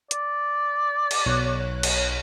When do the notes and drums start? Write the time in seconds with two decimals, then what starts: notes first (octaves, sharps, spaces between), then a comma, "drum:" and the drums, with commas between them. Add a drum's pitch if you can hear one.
0.11 D5, drum: hi-hat
1.11 drum: cymbal
1.26 B1 C#5 F#6
1.83 drum: cymbal